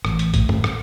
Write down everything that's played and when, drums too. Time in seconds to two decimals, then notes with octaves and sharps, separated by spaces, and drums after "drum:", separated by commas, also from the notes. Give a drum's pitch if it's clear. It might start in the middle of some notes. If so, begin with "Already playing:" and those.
0.05 A1, drum: rim click
0.19 drum: hi-hat
0.34 A2, drum: kick A1, hi-hat
0.49 drum: tom
0.64 drum: rim click